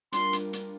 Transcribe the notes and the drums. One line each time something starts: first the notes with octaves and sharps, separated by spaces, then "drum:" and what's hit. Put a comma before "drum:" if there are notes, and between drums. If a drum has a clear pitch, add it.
G3 D4 F4 A#4 C6, drum: hi-hat
drum: hi-hat
drum: hi-hat